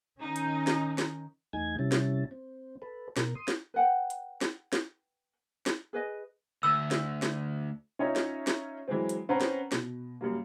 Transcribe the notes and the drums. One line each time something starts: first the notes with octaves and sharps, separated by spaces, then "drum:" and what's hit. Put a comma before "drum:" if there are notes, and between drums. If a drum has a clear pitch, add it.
D#3 C#4 D#4
drum: hi-hat
drum: snare
drum: snare
E2 A3 D#4 G#5 G#6
C3 G3 C#4 E4 A5
drum: snare
C4
A4 B4
B2 A#4, drum: snare
C6 D#6
drum: snare
B4 F#5 G5
drum: hi-hat
drum: snare
drum: snare
drum: snare
G#4 B4 D#5
D2 E6
drum: snare
drum: snare
C#4 D#4 F4 C#5 D#5 E5
drum: snare
drum: snare
E3 F#3 G#3 C4
drum: hi-hat
C4 C#4 B4 F#5 A5 A#5
drum: snare
B2, drum: snare
F#2 G3 A#3